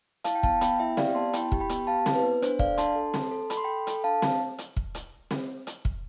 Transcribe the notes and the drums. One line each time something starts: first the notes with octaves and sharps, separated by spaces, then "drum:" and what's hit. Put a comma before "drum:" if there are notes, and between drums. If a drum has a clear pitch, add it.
E4 F5 A5, drum: hi-hat
G5
B3 F5 A5, drum: kick
B3 G5 B5, drum: hi-hat
E4 E5 G5
G4 D5 F5, drum: snare C4
B3 A5 C6
E4 G5 B5, drum: hi-hat
G4, drum: kick
G5 B5
B3, drum: hi-hat
G4 F5 A5
E4, drum: snare C4
B4
B3
D4 C5, drum: hi-hat
A4 D5 F5, drum: kick
D4 A5 C6, drum: hi-hat
A4
A4, drum: snare C4
A4
A4 B5, drum: hi-hat
C6
A4 G5 B5
A4, drum: hi-hat
D4 F5 A5
drum: snare C4
drum: hi-hat
drum: kick
drum: hi-hat
drum: snare C4
drum: hi-hat
drum: kick